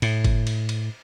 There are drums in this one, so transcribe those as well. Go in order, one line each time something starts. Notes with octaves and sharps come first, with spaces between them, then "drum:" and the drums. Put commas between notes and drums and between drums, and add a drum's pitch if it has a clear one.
A2, drum: cymbal
drum: kick G1, cymbal
drum: cymbal
drum: cymbal